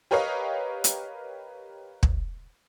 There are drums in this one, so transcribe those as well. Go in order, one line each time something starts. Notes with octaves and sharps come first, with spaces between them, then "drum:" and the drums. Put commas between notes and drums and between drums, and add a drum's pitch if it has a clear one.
G4 A#4 B4 C#5 D#5 F5
drum: hi-hat
drum: kick